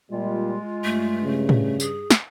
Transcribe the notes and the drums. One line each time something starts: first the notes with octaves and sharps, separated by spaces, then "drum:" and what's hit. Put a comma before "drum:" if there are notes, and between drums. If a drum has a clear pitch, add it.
A#2 G3 G#3 F4
G2 A3
C#3
drum: tom A2
G#4, drum: tambourine
drum: snare